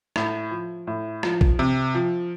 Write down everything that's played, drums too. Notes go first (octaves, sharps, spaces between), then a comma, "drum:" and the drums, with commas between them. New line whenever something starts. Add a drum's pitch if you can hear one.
A2, drum: rim click
F3
A2
F3, drum: rim click
drum: kick
C3
F3